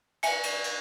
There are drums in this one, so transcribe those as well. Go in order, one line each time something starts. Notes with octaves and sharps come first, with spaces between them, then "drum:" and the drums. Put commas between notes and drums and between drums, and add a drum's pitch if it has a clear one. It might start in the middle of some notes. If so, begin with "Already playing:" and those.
E5 G#5 C#7, drum: cymbal
drum: cymbal
drum: cymbal